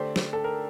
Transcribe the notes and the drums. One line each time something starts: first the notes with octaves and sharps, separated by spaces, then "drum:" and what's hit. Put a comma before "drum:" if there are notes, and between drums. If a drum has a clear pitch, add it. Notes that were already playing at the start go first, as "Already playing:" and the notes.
Already playing: D3 A3 D4 G4 C5
drum: snare
A4
A#4